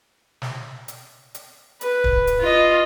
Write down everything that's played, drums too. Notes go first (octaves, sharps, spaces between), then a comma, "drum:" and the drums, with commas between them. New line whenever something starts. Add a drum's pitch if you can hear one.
drum: snare
drum: hi-hat
drum: hi-hat
B4, drum: hi-hat
drum: kick
drum: hi-hat
F4 D#5